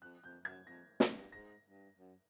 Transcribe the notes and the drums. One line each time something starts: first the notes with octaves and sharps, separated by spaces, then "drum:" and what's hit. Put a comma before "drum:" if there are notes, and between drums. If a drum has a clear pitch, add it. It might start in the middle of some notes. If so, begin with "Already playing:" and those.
F2 F#6
F2 G6
F#2 G#6
F2 A#6
A#6, drum: snare
G2
G#2 A#6
G2
F#2